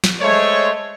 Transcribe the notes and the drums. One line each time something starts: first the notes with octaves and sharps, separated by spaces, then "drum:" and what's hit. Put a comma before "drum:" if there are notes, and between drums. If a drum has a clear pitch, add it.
drum: snare
G#3 A3 C5 C#5